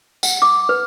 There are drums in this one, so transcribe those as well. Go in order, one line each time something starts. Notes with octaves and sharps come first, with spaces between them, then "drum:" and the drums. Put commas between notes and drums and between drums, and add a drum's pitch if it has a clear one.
F#5, drum: tambourine
D6
B4